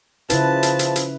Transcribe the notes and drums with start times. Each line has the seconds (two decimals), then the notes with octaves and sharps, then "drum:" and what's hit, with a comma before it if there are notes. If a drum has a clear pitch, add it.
0.30 C#3 F3 E4 B4 A5, drum: hi-hat
0.63 drum: hi-hat
0.79 drum: hi-hat
0.96 drum: hi-hat